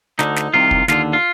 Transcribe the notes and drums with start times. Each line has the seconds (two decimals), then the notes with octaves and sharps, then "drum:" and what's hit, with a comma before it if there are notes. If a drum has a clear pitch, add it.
0.19 D2 D3 D#4, drum: snare
0.36 drum: snare
0.54 C2 C3 D#3 F4
0.71 drum: kick
0.88 D#2 D3 F4, drum: snare
1.13 F4